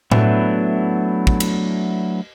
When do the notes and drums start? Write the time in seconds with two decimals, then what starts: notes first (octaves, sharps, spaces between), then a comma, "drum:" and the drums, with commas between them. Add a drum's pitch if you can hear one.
0.12 F#3 A3 B3 D4 E4, drum: tom A2
1.27 drum: kick
1.40 drum: cymbal